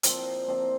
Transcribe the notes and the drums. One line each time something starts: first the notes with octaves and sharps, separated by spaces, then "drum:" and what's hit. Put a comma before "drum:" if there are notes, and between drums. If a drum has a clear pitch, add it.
A#2 F3 C4 D#4 C5, drum: hi-hat
A#2 F3 C4 D#4 C5